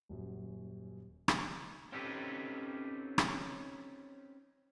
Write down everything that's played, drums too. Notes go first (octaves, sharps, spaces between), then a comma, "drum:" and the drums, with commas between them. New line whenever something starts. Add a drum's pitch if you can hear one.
D#1 F#2
drum: rim click
C4 C#4 D#4 G4 A4 B4
drum: rim click